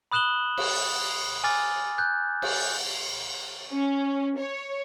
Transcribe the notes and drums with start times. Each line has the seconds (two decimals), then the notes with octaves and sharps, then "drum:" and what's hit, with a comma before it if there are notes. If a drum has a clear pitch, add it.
0.12 B5 D#6 F#6 E7 F#7 G7
0.58 drum: cymbal
1.44 G#5 D6 F6 A6
1.98 F#6 G6
2.42 drum: cymbal
3.70 C#4
4.38 C#5